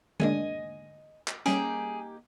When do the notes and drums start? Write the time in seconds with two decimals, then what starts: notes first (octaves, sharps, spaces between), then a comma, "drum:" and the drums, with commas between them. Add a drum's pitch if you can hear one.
0.20 G#3 A#3 D4 D#5 E5 G#5, drum: tom D3
1.28 drum: clap
1.46 G3 A#3 C#4 D#4 G4 G#4, drum: hi-hat